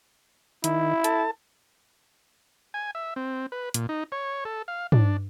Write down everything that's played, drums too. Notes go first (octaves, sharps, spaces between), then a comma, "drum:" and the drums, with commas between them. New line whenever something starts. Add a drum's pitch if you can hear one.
D#3 E4, drum: hi-hat
A4 A5, drum: hi-hat
G#5
E5
C4
B4
A#2, drum: hi-hat
D#4
C#5
A4
F5
D4, drum: tom